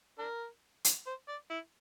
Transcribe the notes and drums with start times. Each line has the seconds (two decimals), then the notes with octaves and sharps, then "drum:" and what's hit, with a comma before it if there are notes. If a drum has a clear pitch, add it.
0.19 D4 A#4
0.85 drum: hi-hat
1.07 C5
1.28 D5
1.50 E4